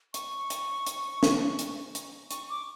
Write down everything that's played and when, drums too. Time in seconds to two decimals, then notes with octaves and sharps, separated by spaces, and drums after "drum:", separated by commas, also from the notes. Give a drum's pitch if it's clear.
0.14 C#6, drum: hi-hat
0.50 drum: hi-hat
0.87 drum: hi-hat
1.23 drum: snare
1.59 drum: hi-hat
1.95 drum: hi-hat
2.31 C#6, drum: hi-hat
2.50 D6